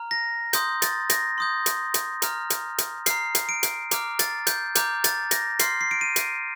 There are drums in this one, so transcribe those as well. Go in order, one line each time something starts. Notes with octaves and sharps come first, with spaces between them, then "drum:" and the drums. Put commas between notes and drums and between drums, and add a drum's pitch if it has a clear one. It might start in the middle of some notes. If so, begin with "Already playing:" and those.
Already playing: A#5 F6
A#6
C6 D#6 G6, drum: hi-hat
A6, drum: hi-hat
A#6, drum: hi-hat
C6 D#6 G6
drum: hi-hat
drum: hi-hat
A#5 F6, drum: hi-hat
drum: hi-hat
drum: hi-hat
A#5 F6 C7, drum: hi-hat
drum: hi-hat
D7
drum: hi-hat
A#5 D6 F6, drum: hi-hat
A6, drum: hi-hat
G6, drum: hi-hat
A#5 D6 F6 G6, drum: hi-hat
A6, drum: hi-hat
A#6, drum: hi-hat
C6 F6 C7, drum: hi-hat
C7
D7
D#7
drum: hi-hat